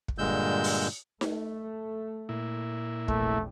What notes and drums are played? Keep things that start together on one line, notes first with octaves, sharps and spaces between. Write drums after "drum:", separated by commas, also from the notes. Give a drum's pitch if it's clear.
drum: kick
G2 A#2 D3 G#3 E6 G6
drum: open hi-hat
A3, drum: snare D#4
A#2 E4
A#1 E2 C3 A3, drum: kick